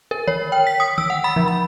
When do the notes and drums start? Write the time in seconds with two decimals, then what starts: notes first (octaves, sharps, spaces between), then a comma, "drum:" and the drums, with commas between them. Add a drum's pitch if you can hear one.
0.11 A#4
0.27 C#5, drum: tom D3
0.52 G5
0.67 B6
0.80 D#6
0.98 E6, drum: tom D3
1.10 F#5
1.24 B5
1.36 F3
1.48 B5